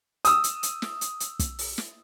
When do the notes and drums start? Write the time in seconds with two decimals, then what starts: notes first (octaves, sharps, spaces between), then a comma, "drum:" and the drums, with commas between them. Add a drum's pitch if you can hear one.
0.25 D#6 E6, drum: hi-hat
0.44 drum: hi-hat
0.63 drum: hi-hat
0.82 drum: snare
1.01 drum: hi-hat
1.20 drum: hi-hat
1.39 drum: kick, hi-hat
1.59 drum: open hi-hat
1.78 drum: snare